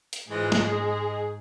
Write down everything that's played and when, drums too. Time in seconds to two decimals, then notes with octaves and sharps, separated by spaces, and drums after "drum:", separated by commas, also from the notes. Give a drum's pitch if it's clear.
0.13 drum: hi-hat
0.30 G#2 E3 F3 G#3 G#4
0.52 drum: snare
0.66 G#3